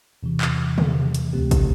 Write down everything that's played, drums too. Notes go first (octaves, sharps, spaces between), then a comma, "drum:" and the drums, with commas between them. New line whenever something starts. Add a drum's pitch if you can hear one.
E2 C3 E3
drum: clap
drum: tom
drum: hi-hat
D2 C3 A3 C4 G4
drum: kick, hi-hat